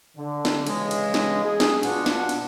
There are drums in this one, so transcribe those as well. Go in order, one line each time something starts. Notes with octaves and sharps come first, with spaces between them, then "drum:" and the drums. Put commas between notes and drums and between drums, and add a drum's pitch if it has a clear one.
D3
drum: snare
C#3 E3 G#3, drum: cymbal
drum: cymbal
drum: snare
G#4
drum: snare
G1 B2 D4 F4 F#5, drum: cymbal
drum: snare
drum: cymbal